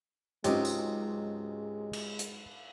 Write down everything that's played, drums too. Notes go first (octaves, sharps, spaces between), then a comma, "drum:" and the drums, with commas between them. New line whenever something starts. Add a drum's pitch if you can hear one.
C#2 G#2 C3 F#3 G#3 C#4 G4 D#5, drum: hi-hat
drum: tambourine
drum: cymbal
drum: hi-hat